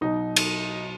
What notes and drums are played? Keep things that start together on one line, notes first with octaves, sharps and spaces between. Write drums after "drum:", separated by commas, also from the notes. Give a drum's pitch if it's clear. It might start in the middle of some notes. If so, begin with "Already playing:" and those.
B1 B2 F#3 D#4
drum: cymbal